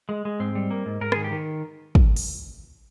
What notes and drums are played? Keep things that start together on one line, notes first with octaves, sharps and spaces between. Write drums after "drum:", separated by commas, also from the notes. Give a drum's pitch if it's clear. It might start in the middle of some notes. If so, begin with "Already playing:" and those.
G#3
G#3
G#2 C4
G3
A#3
G#2
G#2 A#4
D#3 G#4, drum: rim click
G4
D#3
drum: kick
drum: open hi-hat